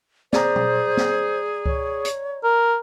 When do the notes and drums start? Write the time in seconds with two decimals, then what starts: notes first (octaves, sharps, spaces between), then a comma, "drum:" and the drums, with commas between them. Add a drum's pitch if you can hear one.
0.33 G#4 C5 D5 A#5, drum: snare
0.56 drum: tom A#2
0.97 drum: snare
1.66 C#5, drum: kick C#2
2.05 drum: hi-hat
2.44 A#4